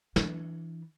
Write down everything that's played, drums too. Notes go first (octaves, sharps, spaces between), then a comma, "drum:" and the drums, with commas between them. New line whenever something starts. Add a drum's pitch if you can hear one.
E3 D4, drum: snare